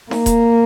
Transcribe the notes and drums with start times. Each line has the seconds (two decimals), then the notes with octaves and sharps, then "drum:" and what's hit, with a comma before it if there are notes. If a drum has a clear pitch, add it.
0.11 A#3, drum: snare D#4
0.26 drum: kick D#1, hi-hat